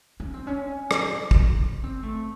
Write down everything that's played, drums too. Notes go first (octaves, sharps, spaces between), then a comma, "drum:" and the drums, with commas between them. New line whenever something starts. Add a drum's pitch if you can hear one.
C#4
C4
C#4
drum: rim click
drum: kick
C4
A3